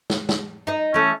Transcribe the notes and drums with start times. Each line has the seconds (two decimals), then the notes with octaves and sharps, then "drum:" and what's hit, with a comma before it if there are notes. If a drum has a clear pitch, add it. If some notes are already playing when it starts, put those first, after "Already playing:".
0.10 drum: snare
0.29 drum: snare
0.67 D#4 D#5
0.94 E3 A3 C#4